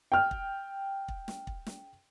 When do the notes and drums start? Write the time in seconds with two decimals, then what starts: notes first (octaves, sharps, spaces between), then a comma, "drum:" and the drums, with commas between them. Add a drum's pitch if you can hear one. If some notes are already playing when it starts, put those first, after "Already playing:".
0.12 G5 F6
0.31 drum: kick
1.08 drum: kick
1.28 drum: snare
1.47 drum: kick
1.66 drum: snare